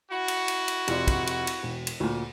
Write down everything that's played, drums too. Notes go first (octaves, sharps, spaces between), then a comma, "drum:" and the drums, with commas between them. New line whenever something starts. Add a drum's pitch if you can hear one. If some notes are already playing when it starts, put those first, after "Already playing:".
E4 F#4
drum: cymbal
drum: cymbal
drum: cymbal
F1 F4 D5, drum: cymbal
drum: kick, cymbal
drum: cymbal
drum: cymbal
E1
drum: cymbal
D2 A#2